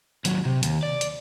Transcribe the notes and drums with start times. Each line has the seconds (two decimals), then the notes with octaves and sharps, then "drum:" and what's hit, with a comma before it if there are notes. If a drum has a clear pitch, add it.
0.25 D#2 F#3, drum: hi-hat
0.45 C3
0.63 D#2, drum: hi-hat
0.83 D5
1.01 drum: hi-hat